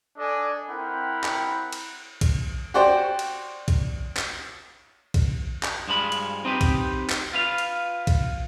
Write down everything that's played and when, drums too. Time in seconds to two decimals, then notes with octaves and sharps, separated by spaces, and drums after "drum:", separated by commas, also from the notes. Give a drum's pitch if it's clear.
0.17 D4 A4 D5 D#5 G#5 D6
0.69 C4 E4 A#4 F#5 G5 B5
1.24 drum: clap
1.73 drum: cymbal
2.21 drum: kick A#1, cymbal
2.74 F#4 G4 C5 D5 G5
3.19 drum: cymbal
3.68 drum: kick A#1, cymbal
4.17 drum: clap
5.14 drum: kick A#1, cymbal
5.63 drum: clap
5.88 G2 F3 G#3 B5
6.12 drum: cymbal
6.45 C4 D#4 G4 B4
6.61 drum: kick A#1, cymbal
7.10 drum: clap
7.33 F4 B4 F5
7.58 drum: cymbal
8.07 drum: kick A#1, cymbal